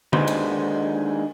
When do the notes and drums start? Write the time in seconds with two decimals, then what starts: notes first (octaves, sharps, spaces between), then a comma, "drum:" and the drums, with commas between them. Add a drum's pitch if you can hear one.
0.13 D#2 D3 D#3 G#3 B4 C5, drum: tom D3
0.28 drum: cymbal